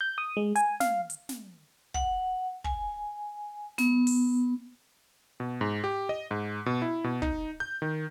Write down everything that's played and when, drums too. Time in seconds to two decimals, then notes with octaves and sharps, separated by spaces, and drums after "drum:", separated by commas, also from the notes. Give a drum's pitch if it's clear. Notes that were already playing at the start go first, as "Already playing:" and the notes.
0.01 G6
0.18 D#6
0.37 G#3
0.56 G#5, drum: hi-hat
0.80 F5, drum: snare
1.10 drum: hi-hat
1.29 drum: snare
1.94 F#5, drum: kick
2.64 G#5, drum: kick
3.78 B3, drum: snare
4.07 drum: open hi-hat
5.40 B2
5.61 G#2
5.84 G4
6.09 D#5
6.31 G#2
6.66 B2
6.82 E4
7.04 B2
7.22 D#4, drum: kick
7.60 G6
7.82 D#3